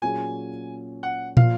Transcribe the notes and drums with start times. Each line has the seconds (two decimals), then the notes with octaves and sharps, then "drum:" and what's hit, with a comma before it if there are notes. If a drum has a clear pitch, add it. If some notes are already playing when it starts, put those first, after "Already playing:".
0.02 A#2 F#3 C#4 G#4 G#5
1.03 F#5
1.37 A#2 F3 F5, drum: tom